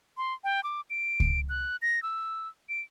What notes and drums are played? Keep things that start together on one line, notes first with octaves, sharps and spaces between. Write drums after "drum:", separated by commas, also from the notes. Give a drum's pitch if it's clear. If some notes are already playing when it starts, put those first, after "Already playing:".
C6
G5
D6
D7
drum: kick C#2
F#6
A#6
E6
D7